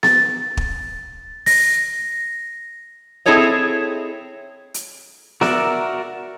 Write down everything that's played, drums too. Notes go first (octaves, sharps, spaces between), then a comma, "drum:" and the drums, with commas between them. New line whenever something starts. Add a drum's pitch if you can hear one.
A6, drum: snare B3
drum: kick
A#6, drum: open hi-hat
C4 E4 G#4 A4 C#5 D#5
drum: hi-hat
F#4 A#4 D5 E5 F#5, drum: snare B3